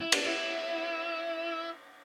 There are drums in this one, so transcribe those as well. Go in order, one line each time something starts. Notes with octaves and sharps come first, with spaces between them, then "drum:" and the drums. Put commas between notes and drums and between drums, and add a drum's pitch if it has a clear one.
E4
D4, drum: cymbal
E4